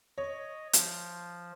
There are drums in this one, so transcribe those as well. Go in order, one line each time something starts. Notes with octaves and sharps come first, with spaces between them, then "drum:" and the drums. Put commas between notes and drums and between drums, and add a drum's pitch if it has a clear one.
C#5 D#5
F3, drum: hi-hat